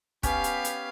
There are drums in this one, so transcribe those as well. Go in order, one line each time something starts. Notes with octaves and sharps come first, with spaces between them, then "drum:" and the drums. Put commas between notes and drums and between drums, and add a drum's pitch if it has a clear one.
B3 C#4 G4 F5, drum: kick, hi-hat
drum: hi-hat
drum: hi-hat